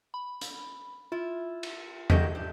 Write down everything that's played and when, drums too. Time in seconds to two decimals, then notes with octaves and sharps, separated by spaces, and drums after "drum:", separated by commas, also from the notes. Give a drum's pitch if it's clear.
0.14 B5
0.41 drum: hi-hat
1.12 E4 F4
1.63 drum: cymbal
2.10 D3 D#3 A#3 D#5 G6, drum: tom E2
2.35 D4